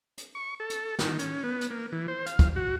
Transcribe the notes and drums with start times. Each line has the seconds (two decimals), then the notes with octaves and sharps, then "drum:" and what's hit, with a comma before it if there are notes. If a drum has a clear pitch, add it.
0.18 drum: hi-hat
0.35 C#6
0.60 A4
0.70 drum: hi-hat
0.99 D#3, drum: snare
1.19 C#4, drum: hi-hat
1.44 B3
1.61 drum: hi-hat
1.71 A#3
1.92 E3
2.08 C5
2.26 F5, drum: hi-hat
2.39 drum: kick, hi-hat
2.56 F#4